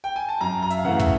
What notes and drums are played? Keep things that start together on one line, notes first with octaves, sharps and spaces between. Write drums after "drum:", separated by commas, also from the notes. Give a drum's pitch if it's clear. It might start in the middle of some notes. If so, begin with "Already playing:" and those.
G5
G#5
A5
F#2 A#5
A#5
E5, drum: hi-hat
F5
C#3 E3 A3 F#5
E5, drum: kick, hi-hat